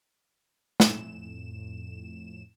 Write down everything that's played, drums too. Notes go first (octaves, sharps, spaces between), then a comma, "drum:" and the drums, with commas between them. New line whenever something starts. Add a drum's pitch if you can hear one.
F2 A2 E7, drum: snare